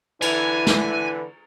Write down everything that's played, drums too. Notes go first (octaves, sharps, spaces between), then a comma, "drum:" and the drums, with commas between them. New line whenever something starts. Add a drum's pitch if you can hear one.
D3 E3 E4 B4 G#5, drum: cymbal
drum: snare